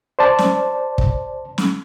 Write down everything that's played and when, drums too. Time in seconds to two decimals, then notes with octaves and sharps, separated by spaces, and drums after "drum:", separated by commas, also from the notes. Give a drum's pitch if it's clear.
0.19 C5 D5 A5
0.38 drum: snare
0.98 drum: kick
1.58 drum: snare